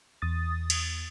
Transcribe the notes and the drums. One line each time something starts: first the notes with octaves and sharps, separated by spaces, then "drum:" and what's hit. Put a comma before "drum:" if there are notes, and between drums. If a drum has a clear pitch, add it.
E2 D#6 A6
drum: cymbal